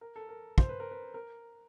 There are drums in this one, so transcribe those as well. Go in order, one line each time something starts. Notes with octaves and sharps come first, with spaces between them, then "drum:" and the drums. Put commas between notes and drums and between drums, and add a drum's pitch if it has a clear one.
A#4
A4
A#4
C5, drum: kick
B4
A#4
B4
A#4